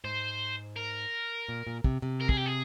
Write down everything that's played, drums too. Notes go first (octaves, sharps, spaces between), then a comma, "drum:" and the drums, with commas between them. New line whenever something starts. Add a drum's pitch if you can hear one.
G#2 C5
A#4
A#2
A#2
C3, drum: kick
C3
A#4
G#4, drum: kick
G4
G#4